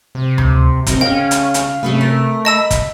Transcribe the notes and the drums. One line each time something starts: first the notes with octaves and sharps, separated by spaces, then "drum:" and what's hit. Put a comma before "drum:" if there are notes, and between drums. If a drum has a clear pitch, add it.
C3
drum: tom D2
C3 C4 D#4 A#4, drum: kick, hi-hat
C#3 C#4 F4 F5 G5
drum: hi-hat
drum: hi-hat
C3 A3 C#4 G#4 B4
A#4
D#5 A5 B5 E6
drum: kick, hi-hat